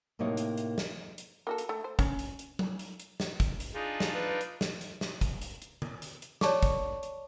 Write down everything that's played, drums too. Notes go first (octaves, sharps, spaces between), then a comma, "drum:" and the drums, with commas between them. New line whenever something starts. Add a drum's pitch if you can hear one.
A2 C3 A#3 D#4 C#5
drum: hi-hat
drum: hi-hat
drum: snare
drum: hi-hat
A#3 F#4 A4
drum: hi-hat
A3
C5
C#4, drum: kick, hi-hat
drum: hi-hat
drum: hi-hat
drum: tom F#3
drum: hi-hat
drum: hi-hat
drum: snare
drum: kick, hi-hat
drum: hi-hat
D4 D#4 F4 G#4
drum: snare
B4
drum: hi-hat
drum: snare
drum: hi-hat
drum: snare
drum: kick, hi-hat
drum: hi-hat
drum: hi-hat
drum: tom D3
drum: hi-hat
drum: hi-hat
C#5 D5 A5 C#6 D6, drum: snare
drum: kick, hi-hat
drum: hi-hat